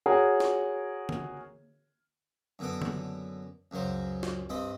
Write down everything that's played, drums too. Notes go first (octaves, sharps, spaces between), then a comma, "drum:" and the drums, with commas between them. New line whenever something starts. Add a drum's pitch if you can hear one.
F#4 G#4 A#4 C#5
drum: snare
drum: tom D3
F#2 D3 B3 A4 D6
drum: tom D3
C#2 F#2 F#3 C5
drum: snare
G2 C4 D#5 B5